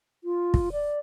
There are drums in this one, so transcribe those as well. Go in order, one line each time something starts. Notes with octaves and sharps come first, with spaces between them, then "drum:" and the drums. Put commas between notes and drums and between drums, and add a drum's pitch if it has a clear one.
F4
drum: kick
D5